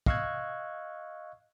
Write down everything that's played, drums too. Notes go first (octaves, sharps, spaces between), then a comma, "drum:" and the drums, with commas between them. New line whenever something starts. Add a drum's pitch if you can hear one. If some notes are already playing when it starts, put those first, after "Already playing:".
D#5 F5 C#6 E6 F#6 G#6, drum: kick